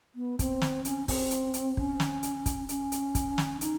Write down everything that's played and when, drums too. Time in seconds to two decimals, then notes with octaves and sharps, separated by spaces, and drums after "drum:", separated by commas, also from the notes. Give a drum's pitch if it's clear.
0.15 B3
0.39 C4, drum: kick, hi-hat
0.62 drum: snare
0.85 C#4, drum: hi-hat
1.08 C4, drum: kick, open hi-hat
1.31 drum: hi-hat
1.54 drum: hi-hat
1.77 C#4, drum: kick
2.00 drum: snare
2.23 drum: hi-hat
2.46 drum: kick, hi-hat
2.69 C#4, drum: hi-hat
2.92 drum: hi-hat
3.15 drum: kick, hi-hat
3.38 drum: snare
3.61 D#4, drum: hi-hat